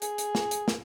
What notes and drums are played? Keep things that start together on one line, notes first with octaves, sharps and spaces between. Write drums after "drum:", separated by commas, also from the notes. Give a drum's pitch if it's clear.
G#4, drum: hi-hat
drum: hi-hat
drum: snare
drum: hi-hat
drum: snare